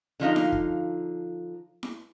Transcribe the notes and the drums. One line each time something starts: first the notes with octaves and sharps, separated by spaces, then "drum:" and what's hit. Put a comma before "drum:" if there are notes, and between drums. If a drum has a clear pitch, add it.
D3 F3 D#4 F5
drum: snare E4
drum: kick
drum: snare E4